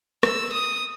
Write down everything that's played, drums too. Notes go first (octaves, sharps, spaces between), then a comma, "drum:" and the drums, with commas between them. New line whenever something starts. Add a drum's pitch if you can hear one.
E6, drum: rim click
D#6